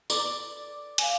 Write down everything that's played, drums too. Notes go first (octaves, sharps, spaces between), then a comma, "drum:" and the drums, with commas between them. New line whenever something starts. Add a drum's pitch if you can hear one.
D5, drum: tambourine
F5 G#5, drum: hi-hat